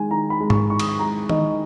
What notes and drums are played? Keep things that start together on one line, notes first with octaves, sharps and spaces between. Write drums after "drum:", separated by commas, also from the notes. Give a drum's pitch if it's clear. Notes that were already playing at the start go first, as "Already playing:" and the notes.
Already playing: D#3 G#3 G#5
D#3 A#5
B5
G#3
C#6, drum: tom G#2
D#3 C#6
D#6, drum: cymbal
C#6
G#3 A#5
D#3 D#5, drum: tom D#3